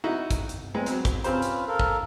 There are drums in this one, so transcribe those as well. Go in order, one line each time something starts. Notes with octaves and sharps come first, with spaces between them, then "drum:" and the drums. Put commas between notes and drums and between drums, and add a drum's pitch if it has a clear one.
D#4 E4 F#4
drum: kick, hi-hat
drum: hi-hat
E2 G#3 B3 C4
F#3 B3 C4, drum: hi-hat
drum: kick, hi-hat
C4 C#4 F4 G4 B4 C5, drum: hi-hat
drum: hi-hat
A4 A#4 F5
drum: kick